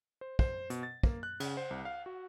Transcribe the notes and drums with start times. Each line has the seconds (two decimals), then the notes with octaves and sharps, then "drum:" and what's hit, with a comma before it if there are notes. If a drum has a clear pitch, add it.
0.21 C5
0.39 C5, drum: kick
0.70 B2, drum: hi-hat
0.83 A6
1.03 A#3, drum: kick
1.23 F#6
1.40 C#3, drum: cymbal
1.57 C5
1.71 C2
1.85 F5
2.06 F#4